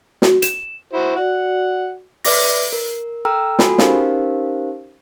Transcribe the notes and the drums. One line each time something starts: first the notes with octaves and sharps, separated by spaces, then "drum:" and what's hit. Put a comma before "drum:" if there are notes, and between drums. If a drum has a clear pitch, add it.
F#4, drum: snare
E7, drum: hi-hat
E4 F#4 C5
F#4 D5 F#5
B4 D5 E5 D6 A#6, drum: open hi-hat
A#4
A4 G5 A#5 E6 F6
F4 F#4 A4 G#5 B5, drum: snare
C#4 D#4 G4 A#4 C5 F5, drum: snare